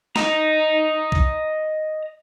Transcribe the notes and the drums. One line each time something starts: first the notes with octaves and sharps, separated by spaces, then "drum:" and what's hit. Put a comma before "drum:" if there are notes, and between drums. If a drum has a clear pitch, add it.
D#5 A#5, drum: snare
drum: kick B1